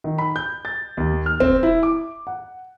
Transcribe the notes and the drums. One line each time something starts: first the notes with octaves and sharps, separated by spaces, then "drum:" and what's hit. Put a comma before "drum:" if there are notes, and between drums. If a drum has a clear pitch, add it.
D#3
B5
G6
A6
D#2
F6
C4, drum: kick
E4
D6
F#5